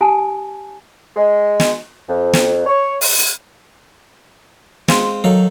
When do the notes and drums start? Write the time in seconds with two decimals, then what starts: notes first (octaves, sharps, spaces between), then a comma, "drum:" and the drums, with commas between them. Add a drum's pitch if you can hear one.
0.01 D#4 G4 G#5 A5 D#6
1.16 G#3
1.60 drum: snare
2.08 F2
2.33 drum: snare
2.66 C#5
3.01 drum: open hi-hat
3.18 drum: hi-hat
4.88 G#3 C4 F4, drum: snare
5.24 D#3 F#3 A4 F5